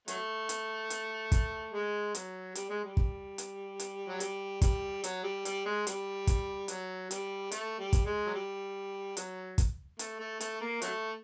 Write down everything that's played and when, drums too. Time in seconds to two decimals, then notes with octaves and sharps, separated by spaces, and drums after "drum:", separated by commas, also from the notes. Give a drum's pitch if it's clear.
0.08 F#3 A3, drum: hi-hat
0.49 drum: hi-hat
0.90 drum: hi-hat
1.32 drum: kick, hi-hat
1.72 G#3
2.15 F#3, drum: hi-hat
2.55 G3, drum: hi-hat
2.70 G#3
2.84 G3
2.97 drum: kick
3.38 drum: hi-hat
3.80 drum: hi-hat
4.08 F#3
4.20 G3, drum: hi-hat
4.62 G3, drum: kick, hi-hat
5.04 F#3, drum: hi-hat
5.24 G3
5.45 G3, drum: hi-hat
5.65 G#3
5.87 G3, drum: hi-hat
6.27 drum: kick, hi-hat
6.68 F#3, drum: hi-hat
7.11 G3, drum: hi-hat
7.51 A3, drum: hi-hat
7.79 G3
7.93 drum: kick, hi-hat
8.06 G#3
8.26 F#3
8.34 G3
9.17 F#3, drum: hi-hat
9.58 drum: kick, hi-hat
9.99 A3, drum: hi-hat
10.20 A3
10.40 A3, drum: hi-hat
10.61 A#3
10.82 F#3 A3, drum: hi-hat